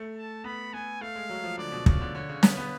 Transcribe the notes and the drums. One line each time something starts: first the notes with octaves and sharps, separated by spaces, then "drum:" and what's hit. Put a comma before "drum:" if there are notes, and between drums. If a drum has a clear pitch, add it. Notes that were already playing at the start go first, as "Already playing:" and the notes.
Already playing: A3
A5
B3 B5
B3 G#5
A3 F5
G#3
F#3
F3
D3 D5
B2
C#3 D5, drum: kick
D3
D3 C#5
C#3
B3 B4, drum: snare
B3